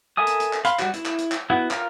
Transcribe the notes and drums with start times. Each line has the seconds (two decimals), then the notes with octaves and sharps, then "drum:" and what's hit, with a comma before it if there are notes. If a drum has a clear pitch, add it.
0.17 A4 A#4 E5 G#5 D#6
0.27 drum: hi-hat
0.40 drum: hi-hat
0.53 drum: clap
0.65 F5 B5 C6, drum: hi-hat
0.79 G3 F#4, drum: clap
0.94 E4, drum: hi-hat
1.06 drum: clap
1.19 drum: hi-hat
1.32 drum: clap
1.50 B3 E4 F#4
1.71 F4 A#4, drum: clap